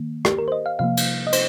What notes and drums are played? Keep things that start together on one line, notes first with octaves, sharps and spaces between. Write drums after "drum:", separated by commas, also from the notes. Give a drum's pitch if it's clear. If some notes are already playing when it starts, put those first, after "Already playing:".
Already playing: D#3 A#3
G4, drum: rim click
A#4
C5
D#5
F5
C3 F3 A#3 F5
drum: cymbal
D#5
C5, drum: cymbal